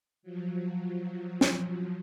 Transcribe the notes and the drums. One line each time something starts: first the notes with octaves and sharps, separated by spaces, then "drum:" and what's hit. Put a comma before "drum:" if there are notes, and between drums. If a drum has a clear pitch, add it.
F3 F#3
drum: snare